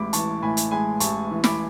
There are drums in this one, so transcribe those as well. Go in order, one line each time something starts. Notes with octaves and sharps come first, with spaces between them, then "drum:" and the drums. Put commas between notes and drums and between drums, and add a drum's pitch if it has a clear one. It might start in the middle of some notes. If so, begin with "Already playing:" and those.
Already playing: A1 A2 G#3 B5 D6
E3 A5 C#6, drum: hi-hat
A2 G#5 B5
drum: hi-hat
G#3 G#5 B5
A1 A5 C#6, drum: hi-hat
E3
B5 D6, drum: snare